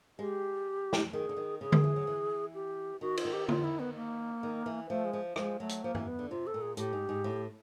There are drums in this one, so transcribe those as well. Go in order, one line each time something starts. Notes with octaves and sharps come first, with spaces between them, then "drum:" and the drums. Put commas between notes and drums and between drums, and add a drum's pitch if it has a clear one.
G#3 G4
drum: snare
D#3 G#4
D3
D#3
C#3 G#4
D#3, drum: tom D3
E3
F#3
E3
G4
D#3 F#4
F4, drum: cymbal
D#3
G4
F4, drum: tom
E4
B3
A#3
D#3
E3
F3 A3
G#3
F3
F3 G#3, drum: rim click
F#3 A3
drum: hi-hat
F3 A#3
E3, drum: tom G2
B3
D3
C3 F4
A4
A#2
G#4
A2 G4, drum: hi-hat
G#2
G#2
A2